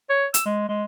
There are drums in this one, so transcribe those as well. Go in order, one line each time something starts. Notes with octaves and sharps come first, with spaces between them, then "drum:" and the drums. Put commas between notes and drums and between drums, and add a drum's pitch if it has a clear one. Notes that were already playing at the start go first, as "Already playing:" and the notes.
C#5
E6, drum: hi-hat
G#3
G#3